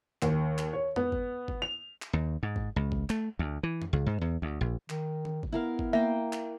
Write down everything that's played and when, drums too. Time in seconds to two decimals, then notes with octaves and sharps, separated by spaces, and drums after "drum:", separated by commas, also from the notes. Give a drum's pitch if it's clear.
0.22 D#2, drum: clap
0.58 drum: clap
0.73 C#5
0.96 B3, drum: tom F2
1.12 drum: kick G1
1.48 drum: kick G1
1.62 F7
2.02 drum: clap
2.13 D#2
2.43 G#2
2.56 drum: kick G1
2.76 C#2
2.92 drum: kick G1
3.10 A3, drum: clap
3.39 D2
3.63 E3
3.82 drum: tom F2
3.93 C#2
4.06 G#2
4.21 E2
4.42 D2
4.61 A#1
4.90 D#3, drum: clap
5.25 drum: tom D#3
5.43 drum: kick G1
5.52 B3 E4 A#4 F5
5.79 drum: kick G1
5.93 A#3 E5 G5
6.33 drum: clap